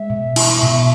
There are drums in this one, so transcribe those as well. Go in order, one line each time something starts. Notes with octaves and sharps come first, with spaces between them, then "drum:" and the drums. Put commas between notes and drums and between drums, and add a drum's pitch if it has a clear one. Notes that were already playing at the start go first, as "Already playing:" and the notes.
Already playing: G#3 E5
B2
E4, drum: cymbal
B2